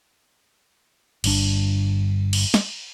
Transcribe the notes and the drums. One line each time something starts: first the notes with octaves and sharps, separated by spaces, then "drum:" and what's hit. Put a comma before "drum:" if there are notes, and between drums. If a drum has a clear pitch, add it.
G1 G2 D4, drum: cymbal
drum: cymbal
drum: snare